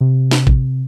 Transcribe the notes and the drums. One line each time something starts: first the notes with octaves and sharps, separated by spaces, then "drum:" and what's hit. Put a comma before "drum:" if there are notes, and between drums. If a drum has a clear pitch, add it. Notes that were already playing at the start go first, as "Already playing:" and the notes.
C3
drum: snare
drum: kick A1